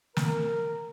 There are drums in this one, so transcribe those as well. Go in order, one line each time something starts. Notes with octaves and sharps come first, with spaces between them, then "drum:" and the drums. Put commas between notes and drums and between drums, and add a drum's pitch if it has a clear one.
A#4, drum: snare